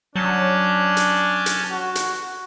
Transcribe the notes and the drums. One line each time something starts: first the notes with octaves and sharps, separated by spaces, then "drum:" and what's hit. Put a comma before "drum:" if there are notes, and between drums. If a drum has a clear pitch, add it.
F#3 C#4 D4 A5 G6
drum: hi-hat
drum: hi-hat
F#4
drum: hi-hat